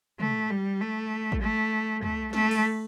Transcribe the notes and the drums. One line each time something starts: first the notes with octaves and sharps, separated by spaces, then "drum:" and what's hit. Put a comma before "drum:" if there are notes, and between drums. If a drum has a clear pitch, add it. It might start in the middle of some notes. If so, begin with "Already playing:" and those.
A3, drum: tom
G3
A3
drum: kick A1
A3
A3, drum: tom
A3, drum: snare
drum: cymbal